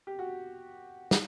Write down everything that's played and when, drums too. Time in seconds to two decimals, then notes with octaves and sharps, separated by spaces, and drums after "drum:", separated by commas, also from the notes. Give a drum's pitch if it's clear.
0.07 G4
0.19 F#4
1.11 drum: snare